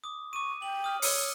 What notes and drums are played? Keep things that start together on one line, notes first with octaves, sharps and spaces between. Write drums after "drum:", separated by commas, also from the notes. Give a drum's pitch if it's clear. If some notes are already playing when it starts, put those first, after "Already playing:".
D6 D#6
C#6 D6 D#7
G5 F#7
D#6 F6
C#5 E6 C#7, drum: open hi-hat